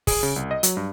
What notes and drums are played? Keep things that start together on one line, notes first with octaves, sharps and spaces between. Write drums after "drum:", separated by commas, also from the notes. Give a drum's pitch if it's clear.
G#4, drum: kick, open hi-hat
C#3
C2
D#5
F#3, drum: hi-hat
G2